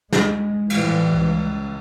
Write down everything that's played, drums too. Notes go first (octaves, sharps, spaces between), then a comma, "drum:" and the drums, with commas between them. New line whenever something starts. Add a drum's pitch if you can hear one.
G#3, drum: snare
A2 E3 F3 G3, drum: cymbal
C#2